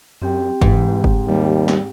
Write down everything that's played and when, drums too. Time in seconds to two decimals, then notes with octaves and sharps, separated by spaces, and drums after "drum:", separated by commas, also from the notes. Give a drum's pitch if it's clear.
0.22 F#2 C4 G4 G5
0.61 G#2 E3, drum: kick F#1
1.04 drum: kick F#1
1.28 D#2 G3
1.68 drum: snare